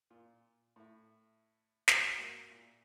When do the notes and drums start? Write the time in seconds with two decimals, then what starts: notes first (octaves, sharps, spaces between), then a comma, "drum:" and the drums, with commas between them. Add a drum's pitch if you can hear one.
0.10 A#2 F4
0.76 A2 E4
1.88 F#4 G4 B4 F#5 A5 B5, drum: snare
2.17 G#2 A#3 F#4 E5
2.50 A#2